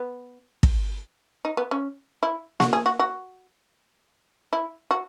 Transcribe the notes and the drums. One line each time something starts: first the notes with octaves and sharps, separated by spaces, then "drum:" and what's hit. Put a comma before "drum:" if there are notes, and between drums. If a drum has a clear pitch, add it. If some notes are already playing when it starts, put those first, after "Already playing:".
Already playing: B3
drum: kick
D#4
B3
C#4
E4
F#4, drum: snare A#3
G#4
F#4
F#4
E4
F#4